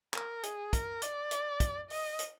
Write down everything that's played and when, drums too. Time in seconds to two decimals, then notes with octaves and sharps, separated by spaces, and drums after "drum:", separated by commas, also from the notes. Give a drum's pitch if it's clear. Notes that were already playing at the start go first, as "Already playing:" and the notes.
0.14 A#4, drum: clap
0.43 G#4, drum: hi-hat
0.73 A#4, drum: kick, hi-hat
1.02 D5, drum: hi-hat
1.31 drum: hi-hat
1.60 drum: kick, hi-hat
1.90 D#5, drum: open hi-hat
2.19 drum: hi-hat